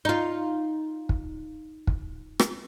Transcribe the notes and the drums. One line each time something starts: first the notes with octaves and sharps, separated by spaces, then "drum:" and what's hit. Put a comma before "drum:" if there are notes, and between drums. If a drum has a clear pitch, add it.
D#4 F4
drum: kick
drum: kick
drum: rim click